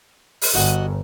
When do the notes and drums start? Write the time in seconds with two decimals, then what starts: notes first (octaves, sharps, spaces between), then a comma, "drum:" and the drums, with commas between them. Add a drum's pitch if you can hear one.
0.42 drum: open hi-hat
0.55 G1 F#4 D#5 F#5